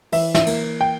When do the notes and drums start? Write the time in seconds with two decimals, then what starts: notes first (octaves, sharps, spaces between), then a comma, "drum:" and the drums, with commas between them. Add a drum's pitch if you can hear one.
0.12 E3 E5, drum: open hi-hat
0.34 E5, drum: snare
0.46 A#3, drum: cymbal
0.81 G5